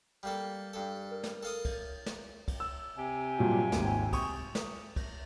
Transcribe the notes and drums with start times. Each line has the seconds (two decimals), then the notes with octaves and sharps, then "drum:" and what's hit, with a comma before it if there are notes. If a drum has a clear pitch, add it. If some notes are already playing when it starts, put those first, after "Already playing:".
0.23 G3 A#3 A4
0.73 G2 A4
1.11 A#4
1.23 drum: snare
1.43 A4 F5 D#6
1.65 drum: kick, cymbal
2.06 drum: snare
2.48 drum: kick, cymbal
2.60 E6
2.97 C3 G4 G#5
3.39 G2 A#2 F#3
3.72 G#1 D#2, drum: snare
4.13 C#6 D#6, drum: kick, cymbal
4.55 drum: snare
4.96 drum: kick, cymbal